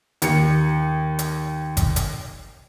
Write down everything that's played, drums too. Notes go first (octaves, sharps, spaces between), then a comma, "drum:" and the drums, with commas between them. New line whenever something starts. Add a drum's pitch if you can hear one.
D#2 C#7, drum: hi-hat
drum: hi-hat
drum: kick G1, hi-hat
drum: hi-hat